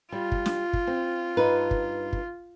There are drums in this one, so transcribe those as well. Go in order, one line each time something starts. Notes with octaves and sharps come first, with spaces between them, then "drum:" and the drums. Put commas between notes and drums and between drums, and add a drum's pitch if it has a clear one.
G3 F4
drum: kick
drum: snare
drum: kick
C4
G2 D#4 B4
drum: kick
drum: kick